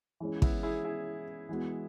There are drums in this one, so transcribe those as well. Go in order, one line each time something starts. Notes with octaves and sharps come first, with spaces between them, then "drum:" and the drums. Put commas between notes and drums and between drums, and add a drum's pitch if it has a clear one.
E3 G#3 C#4
B3 E4, drum: kick
E4 G#4
E4 G#4
E3 G#3 B3 F#4